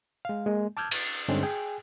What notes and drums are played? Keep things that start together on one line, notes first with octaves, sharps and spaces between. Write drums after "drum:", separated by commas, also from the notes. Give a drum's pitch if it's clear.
G#3 F5
G#3 A#3
A5 D6 E6 F6 G6 G#6
A6, drum: cymbal
G2 D3 G#3 C4 C#4 D#4
G#4 G5 G#5